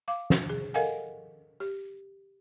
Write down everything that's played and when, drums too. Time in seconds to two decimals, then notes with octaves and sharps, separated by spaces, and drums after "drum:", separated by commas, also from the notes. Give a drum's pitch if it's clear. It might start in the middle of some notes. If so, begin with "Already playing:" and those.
0.08 F5 D6
0.30 drum: snare
0.49 G#4
0.74 A4 A#4 D#5 F5 F#5 G#5
1.60 G4